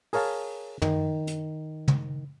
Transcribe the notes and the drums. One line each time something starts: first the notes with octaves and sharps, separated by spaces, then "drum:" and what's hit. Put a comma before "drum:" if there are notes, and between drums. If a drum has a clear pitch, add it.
G#4 A#4 C#5 F5 A5, drum: open hi-hat
D#3, drum: tom
drum: hi-hat
drum: tom